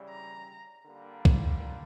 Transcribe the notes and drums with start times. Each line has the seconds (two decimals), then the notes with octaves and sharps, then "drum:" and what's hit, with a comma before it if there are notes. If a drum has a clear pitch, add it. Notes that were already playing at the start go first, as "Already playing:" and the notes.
Already playing: C#3 E3 G3
0.10 A#5
0.86 D3 G3 A#3
1.25 drum: kick